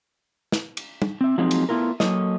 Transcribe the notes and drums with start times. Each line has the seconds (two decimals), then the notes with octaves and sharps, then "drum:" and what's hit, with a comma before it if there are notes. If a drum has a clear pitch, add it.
0.52 drum: snare
0.77 drum: cymbal
1.02 drum: tom
1.21 C4 E5
1.38 F3 F#3 G#3 A#3 C4 D#4
1.51 drum: cymbal
1.69 A3 B3 C#4 E4 F4 A#4
2.00 F#3 A#3 A4 C#5 D#5, drum: snare